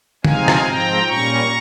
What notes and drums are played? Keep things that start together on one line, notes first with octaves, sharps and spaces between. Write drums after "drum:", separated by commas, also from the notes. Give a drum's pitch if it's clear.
C3 F3 G#3 C4 D#4 F5 G#5, drum: tom D3
drum: rim click
G#2 F3 C4 G5 A#5
A#2 G3 C#4 A#5 C#6